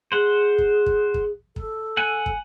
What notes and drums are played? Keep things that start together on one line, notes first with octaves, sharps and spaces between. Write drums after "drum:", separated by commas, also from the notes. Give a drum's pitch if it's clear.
G#4 C5 F#5
drum: kick
drum: kick
drum: kick
A4, drum: kick
F#5 G#5
drum: kick